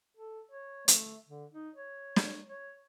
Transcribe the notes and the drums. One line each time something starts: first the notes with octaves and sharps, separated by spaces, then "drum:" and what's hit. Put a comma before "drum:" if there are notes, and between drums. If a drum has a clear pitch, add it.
A4
C#5
A3, drum: hi-hat
D3
D#4
C#5
drum: snare
C#5